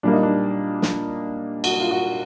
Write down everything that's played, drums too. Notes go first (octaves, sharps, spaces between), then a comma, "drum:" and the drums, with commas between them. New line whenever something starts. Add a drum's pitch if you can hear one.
A#2 G3 A#3 D4
D#4
D4
drum: snare
F#4, drum: cymbal
F4
F#4